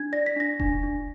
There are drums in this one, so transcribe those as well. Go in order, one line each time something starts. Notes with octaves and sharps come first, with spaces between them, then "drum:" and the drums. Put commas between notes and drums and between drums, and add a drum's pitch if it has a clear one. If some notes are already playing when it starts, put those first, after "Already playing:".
Already playing: D4 G#6
D5 A#6
B6
D4 A#6
D4, drum: kick E1
D4